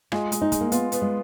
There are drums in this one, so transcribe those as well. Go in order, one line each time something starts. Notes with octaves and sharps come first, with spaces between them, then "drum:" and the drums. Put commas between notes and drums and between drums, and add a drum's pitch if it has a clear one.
G#3 F4, drum: rim click
G#3, drum: hi-hat
D#4
G#3, drum: kick, hi-hat
A#3
B3 F4, drum: hi-hat
B3, drum: hi-hat
G#3